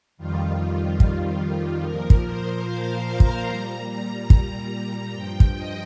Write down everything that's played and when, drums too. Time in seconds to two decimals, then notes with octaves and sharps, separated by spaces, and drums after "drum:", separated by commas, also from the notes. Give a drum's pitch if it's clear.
0.17 F2 D#3 G3 F4
1.00 drum: kick
1.82 A#2 F3 A#4
2.10 drum: kick
2.24 C5
2.65 F5
3.07 A#5
3.20 drum: kick
3.47 A#2 G3 A#5
4.30 drum: kick
5.12 G2 F3 G5
5.40 drum: kick
5.54 D#5